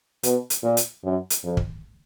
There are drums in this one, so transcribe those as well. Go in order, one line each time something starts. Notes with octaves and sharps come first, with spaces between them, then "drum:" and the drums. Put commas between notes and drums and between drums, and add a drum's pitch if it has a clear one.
B2, drum: hi-hat
drum: hi-hat
A#2
drum: hi-hat
F#2
drum: hi-hat
F2
drum: kick